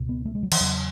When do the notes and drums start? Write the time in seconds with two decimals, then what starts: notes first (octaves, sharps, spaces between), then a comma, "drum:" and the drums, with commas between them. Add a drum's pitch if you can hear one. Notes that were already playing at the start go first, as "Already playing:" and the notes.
Already playing: C#2 B2
0.09 B3
0.25 A3
0.35 G#3
0.43 F#3
0.52 E3, drum: cymbal
0.60 E2 C#3 F#3